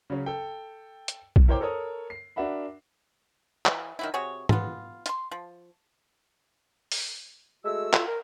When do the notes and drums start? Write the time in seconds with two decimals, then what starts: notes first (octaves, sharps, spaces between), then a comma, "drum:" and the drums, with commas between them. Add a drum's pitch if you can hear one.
0.10 C#3 F#3 C#4
0.26 A4 G5
1.08 drum: hi-hat
1.36 drum: kick B1
1.48 E4 A#4 C5 C#5 G5 D6
1.61 A4 A#4 C#5 D#6
2.10 C7
2.36 D4 F#4 A#4 E5 F#5 B5
3.66 E3, drum: clap
3.99 D#3 F#3 E4
4.14 C3 F#4 G#4 C#5
4.49 B3 F4, drum: tom G#2
5.06 F4 C6, drum: hi-hat
5.31 F3
6.92 drum: open hi-hat
7.64 G#3 A3 F#4 E6
7.93 F4, drum: clap
8.07 A#4